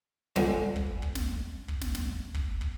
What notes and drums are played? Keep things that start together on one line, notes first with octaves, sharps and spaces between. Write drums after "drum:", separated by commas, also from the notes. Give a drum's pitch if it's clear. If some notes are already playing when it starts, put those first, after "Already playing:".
D3 F3 G3 G#3, drum: snare
drum: kick
drum: kick
drum: snare
drum: kick
drum: snare
drum: snare
drum: kick
drum: kick